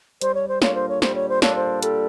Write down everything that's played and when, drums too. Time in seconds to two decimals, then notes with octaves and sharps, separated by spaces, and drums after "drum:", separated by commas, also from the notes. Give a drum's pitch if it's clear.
0.21 G3 C5, drum: hi-hat
0.34 C#5
0.48 C5
0.62 A#3 D4 F4 A4 C#5, drum: snare
0.75 C5
0.89 C#5
1.02 G3 C5, drum: snare
1.15 C#5
1.29 C5
1.42 A#3 D4 F4 A4 C#5, drum: snare
1.55 C5
1.83 G3 A4, drum: hi-hat